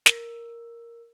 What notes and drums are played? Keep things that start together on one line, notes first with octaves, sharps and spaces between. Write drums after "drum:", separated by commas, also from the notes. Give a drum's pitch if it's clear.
A#4, drum: snare